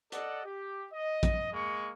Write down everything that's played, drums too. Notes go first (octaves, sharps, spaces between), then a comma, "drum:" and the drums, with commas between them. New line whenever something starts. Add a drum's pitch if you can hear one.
A4 D5 D#5 F#5, drum: hi-hat
G4
D#5
drum: kick A#1, hi-hat
G#3 A#3 C#6